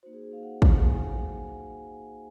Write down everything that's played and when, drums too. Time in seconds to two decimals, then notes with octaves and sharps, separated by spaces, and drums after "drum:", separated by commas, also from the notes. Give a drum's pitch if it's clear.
0.03 A#3 D#4 F#4 C5
0.13 G#4
0.23 G#4
0.33 F5
0.43 F#5
0.62 F5, drum: kick
0.81 G#5
1.02 G#5